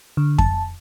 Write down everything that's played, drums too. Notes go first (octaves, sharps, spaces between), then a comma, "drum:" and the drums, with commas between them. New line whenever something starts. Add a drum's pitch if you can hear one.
D3
A5, drum: kick F2